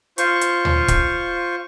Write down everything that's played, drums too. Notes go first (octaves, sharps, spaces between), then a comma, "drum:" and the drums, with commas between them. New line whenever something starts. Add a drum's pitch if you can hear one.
F4 C5 C#6, drum: hi-hat
drum: hi-hat
drum: tom
drum: kick, hi-hat